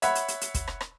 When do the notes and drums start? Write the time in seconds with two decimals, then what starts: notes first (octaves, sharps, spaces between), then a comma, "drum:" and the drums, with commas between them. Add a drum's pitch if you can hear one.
0.02 C#5 E5 F#5 B5, drum: hi-hat
0.15 drum: hi-hat
0.28 drum: hi-hat
0.41 drum: hi-hat
0.54 drum: kick, hi-hat
0.67 drum: rim click
0.81 drum: rim click